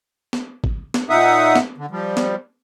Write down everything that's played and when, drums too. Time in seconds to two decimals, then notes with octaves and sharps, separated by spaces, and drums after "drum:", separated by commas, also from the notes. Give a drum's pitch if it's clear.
0.33 drum: snare
0.64 drum: kick
0.94 drum: snare
1.10 A#2 D#4 E5 F#5 D#6
1.56 drum: snare
1.78 D3
1.91 F3 G3
2.17 drum: snare